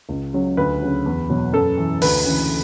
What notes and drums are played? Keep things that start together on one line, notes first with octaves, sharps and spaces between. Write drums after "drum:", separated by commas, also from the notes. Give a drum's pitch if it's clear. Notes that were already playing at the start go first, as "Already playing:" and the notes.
C#2
C#3 F#3
D2 B4
C#3 F#3
E2
B2 F#3
F#2 A4
E3
D2 B4, drum: open hi-hat
C#3 E3